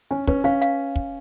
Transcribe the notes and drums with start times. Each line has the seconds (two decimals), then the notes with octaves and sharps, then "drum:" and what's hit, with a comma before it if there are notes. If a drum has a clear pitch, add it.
0.11 C#4 G#5
0.27 C#4 B4, drum: kick
0.44 C#4 F5
0.62 F5, drum: hi-hat
0.96 drum: kick